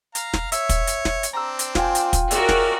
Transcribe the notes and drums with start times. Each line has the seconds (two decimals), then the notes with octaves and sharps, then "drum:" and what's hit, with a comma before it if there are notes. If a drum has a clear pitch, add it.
0.15 F5 A#5, drum: hi-hat
0.34 drum: snare
0.52 C#5 E5, drum: hi-hat
0.69 drum: kick, hi-hat
0.87 drum: hi-hat
1.05 drum: snare
1.23 drum: hi-hat
1.33 C4 D4 A#5 E6
1.59 drum: hi-hat
1.75 F4 G5 G#5, drum: snare
1.95 drum: hi-hat
2.13 drum: kick, hi-hat
2.31 C#4 F#4 G#4 A#4 D5 E5, drum: hi-hat
2.49 drum: snare